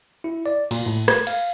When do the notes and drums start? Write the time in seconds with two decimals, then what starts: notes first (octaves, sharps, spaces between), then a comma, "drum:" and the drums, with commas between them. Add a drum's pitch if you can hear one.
0.24 E4
0.46 D5
0.71 A#2, drum: cymbal
0.86 A2
1.08 G#6, drum: rim click
1.27 F5, drum: cymbal